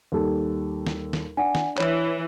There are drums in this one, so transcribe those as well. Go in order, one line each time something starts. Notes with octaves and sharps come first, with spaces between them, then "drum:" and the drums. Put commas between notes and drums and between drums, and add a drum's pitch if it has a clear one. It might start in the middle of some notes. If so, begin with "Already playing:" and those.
D#2 G3 A4
drum: snare
drum: snare
D4 F#5 G#5
drum: snare
E3 C#5, drum: clap